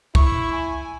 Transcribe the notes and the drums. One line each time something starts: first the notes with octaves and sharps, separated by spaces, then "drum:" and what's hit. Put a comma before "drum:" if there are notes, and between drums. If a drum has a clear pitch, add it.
E4 C#6, drum: kick
G#5